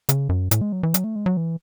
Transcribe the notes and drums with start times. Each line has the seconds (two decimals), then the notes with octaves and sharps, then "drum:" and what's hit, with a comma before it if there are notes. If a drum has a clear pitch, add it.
0.09 C#3, drum: hi-hat
0.29 F#2
0.51 A2, drum: hi-hat
0.61 G#3
0.72 F#3
0.83 E3
0.94 F#3, drum: hi-hat
1.04 A3
1.16 G#3
1.26 F#3
1.37 E3